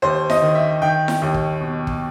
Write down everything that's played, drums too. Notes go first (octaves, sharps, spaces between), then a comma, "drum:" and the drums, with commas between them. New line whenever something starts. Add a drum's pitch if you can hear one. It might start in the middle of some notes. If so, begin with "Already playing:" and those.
D#2 C5
D#5, drum: snare E4
D#3
E5
D#3 G5
drum: snare E4
D#2
drum: kick
B2
drum: kick